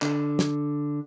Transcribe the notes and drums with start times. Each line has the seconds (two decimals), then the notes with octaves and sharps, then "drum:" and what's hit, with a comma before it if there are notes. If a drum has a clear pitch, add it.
0.02 D3, drum: clap
0.39 drum: snare